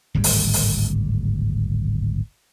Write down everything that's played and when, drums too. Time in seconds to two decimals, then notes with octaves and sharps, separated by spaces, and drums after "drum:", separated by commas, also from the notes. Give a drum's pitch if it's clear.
0.15 D1 G#1 G2 G3
0.24 drum: open hi-hat
0.53 drum: open hi-hat